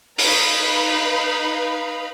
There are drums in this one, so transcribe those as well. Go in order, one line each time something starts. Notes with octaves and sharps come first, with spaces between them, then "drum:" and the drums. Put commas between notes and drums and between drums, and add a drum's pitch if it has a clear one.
D#4 B4 F5 A#5 B5, drum: open hi-hat